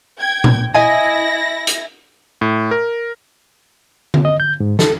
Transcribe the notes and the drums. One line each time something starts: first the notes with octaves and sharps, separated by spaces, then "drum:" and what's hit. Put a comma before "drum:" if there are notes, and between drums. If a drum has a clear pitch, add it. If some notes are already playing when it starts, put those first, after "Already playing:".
G5 G#6
drum: tom A#2
E4 D#5 G#5 A#6
drum: hi-hat
A2
A#4
drum: tom D3
D#5
G6
G#2
A4, drum: snare